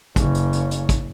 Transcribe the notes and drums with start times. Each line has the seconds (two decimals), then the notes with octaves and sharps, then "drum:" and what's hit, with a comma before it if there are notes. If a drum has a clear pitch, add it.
0.16 F#1 C#3, drum: kick, hi-hat
0.34 drum: hi-hat
0.53 drum: hi-hat
0.71 drum: hi-hat
0.89 drum: kick, hi-hat